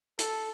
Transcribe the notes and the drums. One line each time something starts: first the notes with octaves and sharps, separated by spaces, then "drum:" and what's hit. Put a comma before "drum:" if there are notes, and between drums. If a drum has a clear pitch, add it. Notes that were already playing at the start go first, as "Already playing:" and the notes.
A4, drum: hi-hat